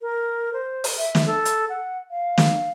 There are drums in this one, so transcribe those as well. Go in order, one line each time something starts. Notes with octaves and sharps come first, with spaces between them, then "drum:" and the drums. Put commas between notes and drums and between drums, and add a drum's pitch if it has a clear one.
A#4
C5
drum: open hi-hat
E5
drum: snare
A4
drum: hi-hat
F#5
F5
drum: snare